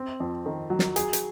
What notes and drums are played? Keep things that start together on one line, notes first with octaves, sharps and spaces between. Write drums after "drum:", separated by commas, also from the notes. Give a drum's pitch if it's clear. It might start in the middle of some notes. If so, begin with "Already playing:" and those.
Already playing: C4
F2
D#3
F#3
drum: snare
G#4, drum: hi-hat
drum: hi-hat